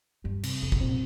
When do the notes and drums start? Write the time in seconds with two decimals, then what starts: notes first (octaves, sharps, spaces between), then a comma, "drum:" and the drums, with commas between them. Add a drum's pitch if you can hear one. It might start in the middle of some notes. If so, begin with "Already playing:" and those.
0.24 G2 G3
0.43 C3, drum: cymbal
0.62 F2 D3
0.72 C3, drum: kick
0.80 A#2 C4